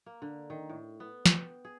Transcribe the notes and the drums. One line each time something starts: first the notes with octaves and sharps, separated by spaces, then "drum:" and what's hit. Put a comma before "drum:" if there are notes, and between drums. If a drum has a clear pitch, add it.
A#3
D3
D#3
A2
B3
G5, drum: snare
G#4